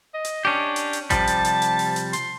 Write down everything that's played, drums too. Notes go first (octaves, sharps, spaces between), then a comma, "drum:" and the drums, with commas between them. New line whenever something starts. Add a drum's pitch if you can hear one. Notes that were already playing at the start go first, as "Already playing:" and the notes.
D#5
drum: hi-hat
C#4 D4 G4
drum: hi-hat
drum: hi-hat
C3 F3 G3 A5, drum: kick A1, hi-hat
drum: hi-hat
drum: hi-hat
drum: hi-hat
drum: open hi-hat
drum: hi-hat
C6, drum: hi-hat